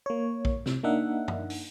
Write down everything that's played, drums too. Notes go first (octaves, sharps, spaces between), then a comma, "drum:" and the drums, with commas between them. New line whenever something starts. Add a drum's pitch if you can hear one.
A#3 C#5
drum: kick A#1
C3, drum: snare
A#3 D4 D#4 E5 F#5
drum: tom
drum: open hi-hat